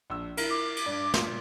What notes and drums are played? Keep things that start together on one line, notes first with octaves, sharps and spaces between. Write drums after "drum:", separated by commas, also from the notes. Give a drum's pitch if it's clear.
A#1 E6
E4 A#4, drum: cymbal
D6
drum: cymbal
G2 D5
A#2, drum: snare